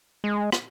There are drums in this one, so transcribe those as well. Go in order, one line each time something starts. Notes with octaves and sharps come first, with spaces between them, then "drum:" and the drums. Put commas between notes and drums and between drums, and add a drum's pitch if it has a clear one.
G#3
drum: rim click